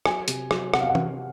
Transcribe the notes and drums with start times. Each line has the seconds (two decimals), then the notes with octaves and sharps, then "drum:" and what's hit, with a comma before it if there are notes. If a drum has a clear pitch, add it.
0.06 F#3 G#5, drum: rim click
0.28 C3, drum: hi-hat
0.51 F#3, drum: rim click
0.74 C3 F#5, drum: rim click
0.81 F5
0.89 F#5
0.95 C3, drum: tom E3